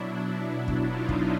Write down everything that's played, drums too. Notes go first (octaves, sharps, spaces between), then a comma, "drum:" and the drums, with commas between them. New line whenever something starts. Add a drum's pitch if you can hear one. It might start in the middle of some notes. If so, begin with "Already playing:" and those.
Already playing: B2 F#3 D4 E4
drum: kick
D#4 F4
drum: kick